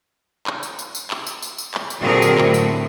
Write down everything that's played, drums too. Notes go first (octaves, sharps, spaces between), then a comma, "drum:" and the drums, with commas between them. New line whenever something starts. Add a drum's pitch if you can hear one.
drum: clap
drum: tambourine
drum: tambourine
drum: tambourine
drum: clap
drum: tambourine
drum: tambourine
drum: tambourine
drum: clap
drum: tambourine
A#2 D3 F#3 C4 G#4 A#4
drum: tambourine
A2, drum: clap
drum: tambourine